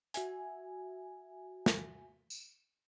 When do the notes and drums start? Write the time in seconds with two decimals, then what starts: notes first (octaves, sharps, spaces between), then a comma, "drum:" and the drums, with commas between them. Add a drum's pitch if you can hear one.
0.14 F#4 E5 G#5, drum: hi-hat
1.66 drum: snare
2.30 drum: tambourine